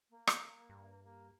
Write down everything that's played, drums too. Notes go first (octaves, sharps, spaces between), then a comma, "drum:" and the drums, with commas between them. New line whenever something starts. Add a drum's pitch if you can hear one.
A#3
drum: rim click
G2
A#3